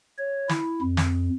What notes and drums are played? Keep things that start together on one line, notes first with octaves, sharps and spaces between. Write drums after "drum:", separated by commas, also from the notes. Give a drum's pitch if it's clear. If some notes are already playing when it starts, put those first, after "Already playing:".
C#5
E4, drum: snare
F2
drum: snare